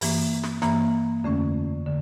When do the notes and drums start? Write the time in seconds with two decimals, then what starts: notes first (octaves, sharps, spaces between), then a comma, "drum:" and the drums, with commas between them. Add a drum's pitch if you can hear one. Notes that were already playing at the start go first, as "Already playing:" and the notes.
0.01 G2 E3 A#3, drum: open hi-hat
0.43 drum: snare
0.62 G2 E3 A#3, drum: snare
1.24 F2 D3 A3 C#4
1.86 D3